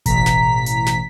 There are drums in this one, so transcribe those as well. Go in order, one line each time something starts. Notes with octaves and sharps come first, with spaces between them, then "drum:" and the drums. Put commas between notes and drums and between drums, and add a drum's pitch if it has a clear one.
A1 B2 A#5 B6, drum: kick F1, hi-hat
drum: snare
drum: hi-hat
drum: snare